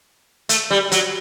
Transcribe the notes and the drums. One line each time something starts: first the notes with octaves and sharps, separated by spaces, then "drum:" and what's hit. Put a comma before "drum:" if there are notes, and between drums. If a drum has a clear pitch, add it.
A3, drum: hi-hat
G3
F#3, drum: hi-hat